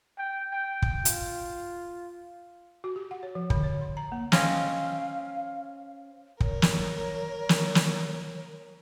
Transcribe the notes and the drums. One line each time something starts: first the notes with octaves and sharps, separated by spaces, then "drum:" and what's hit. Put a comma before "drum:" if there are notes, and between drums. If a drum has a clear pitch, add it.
G5
G5
drum: kick
F4, drum: hi-hat
F#4
G4
F#5
C#5
F3
D3, drum: kick
C#5
C6
A#5
A#3
C4 C#4 D#5 F5, drum: snare
A#4 C#5, drum: kick
drum: snare
drum: snare
drum: snare